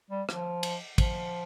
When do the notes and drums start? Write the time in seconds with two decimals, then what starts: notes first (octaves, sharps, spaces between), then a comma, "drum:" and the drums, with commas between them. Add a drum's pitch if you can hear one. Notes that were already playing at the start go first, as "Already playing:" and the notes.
0.11 G3
0.29 F3, drum: rim click
0.63 drum: cymbal
0.98 F3, drum: kick, cymbal